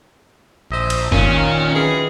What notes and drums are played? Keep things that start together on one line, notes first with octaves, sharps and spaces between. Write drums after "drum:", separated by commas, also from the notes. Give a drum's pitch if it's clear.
A#1 C5 D#5 E5
drum: cymbal
A#2 D#3 C#4, drum: kick F#1
F#2 E3 G#4